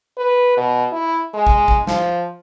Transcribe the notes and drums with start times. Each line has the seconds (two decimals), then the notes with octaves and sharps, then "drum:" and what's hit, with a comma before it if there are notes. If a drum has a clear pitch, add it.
0.17 B4
0.57 B2
0.92 E4
1.34 G#3
1.47 drum: kick
1.68 drum: kick
1.87 F3, drum: snare